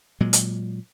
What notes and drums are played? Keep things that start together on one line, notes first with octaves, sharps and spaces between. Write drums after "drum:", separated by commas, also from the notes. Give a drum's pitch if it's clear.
A#2 F#3 G#3
drum: hi-hat